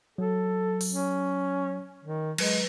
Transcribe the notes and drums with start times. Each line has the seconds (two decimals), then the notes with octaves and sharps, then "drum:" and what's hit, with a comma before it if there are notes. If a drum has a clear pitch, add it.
0.18 F#3 A4
0.81 drum: open hi-hat
0.90 C#4
2.05 D#3
2.38 F#3 G#3 B4, drum: cymbal